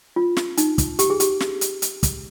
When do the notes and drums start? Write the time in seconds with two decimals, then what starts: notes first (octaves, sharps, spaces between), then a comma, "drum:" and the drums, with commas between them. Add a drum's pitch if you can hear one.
0.16 F4
0.37 drum: snare
0.57 D#4, drum: hi-hat
0.78 drum: kick, hi-hat
0.99 G4, drum: hi-hat
1.10 G#4
1.20 G4, drum: hi-hat
1.40 drum: snare
1.61 drum: hi-hat
1.82 drum: hi-hat
2.03 drum: kick, hi-hat